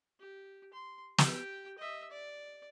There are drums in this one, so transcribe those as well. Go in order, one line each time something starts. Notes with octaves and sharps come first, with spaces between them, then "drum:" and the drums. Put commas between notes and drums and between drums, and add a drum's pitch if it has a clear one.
G4
C6
G4 G5, drum: snare
D#5 E5
D5